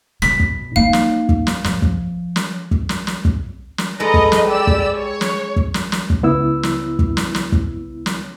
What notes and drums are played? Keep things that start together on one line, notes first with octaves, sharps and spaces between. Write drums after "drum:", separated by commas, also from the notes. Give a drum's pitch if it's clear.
B2 B6, drum: snare
drum: kick
A#3 D#4 F5
drum: snare
drum: kick
drum: snare
F3, drum: snare
drum: kick
drum: snare
drum: kick
drum: snare
drum: snare
drum: kick
drum: snare
G#3 A4 B4 D#5 A#5
drum: kick
drum: snare
G4 D5 E6
drum: kick
C#5
drum: snare
drum: kick
drum: snare
drum: snare
drum: kick
C#2 B3 E4 E6
drum: snare
drum: kick
drum: snare
drum: snare
drum: kick
drum: snare